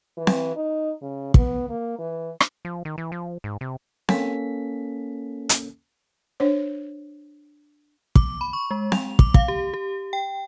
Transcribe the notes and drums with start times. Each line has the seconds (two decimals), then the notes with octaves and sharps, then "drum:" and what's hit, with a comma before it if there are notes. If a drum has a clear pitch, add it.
0.17 E3
0.27 drum: snare C4
0.56 D#4
1.02 C#3
1.34 B3, drum: kick
1.69 A#3
1.99 E3
2.40 drum: rim click
2.65 F3
2.85 D#3
2.98 E3
3.12 F3
3.44 G#2
3.61 C3
4.09 A#3 C#4 A4 B6, drum: snare C4
5.49 drum: hi-hat
6.40 D4 C5 C#5
8.15 D6, drum: kick
8.41 B5
8.53 C#6
8.71 G#3
8.92 F7, drum: snare C4
9.19 D6, drum: kick
9.34 F5, drum: kick
9.48 G4
9.74 G4
10.13 G5